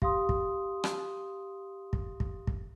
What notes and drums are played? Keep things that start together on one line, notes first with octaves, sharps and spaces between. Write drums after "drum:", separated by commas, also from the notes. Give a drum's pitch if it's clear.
G4 F5 C6 D#6, drum: kick
drum: kick
drum: rim click
drum: kick
drum: kick
drum: kick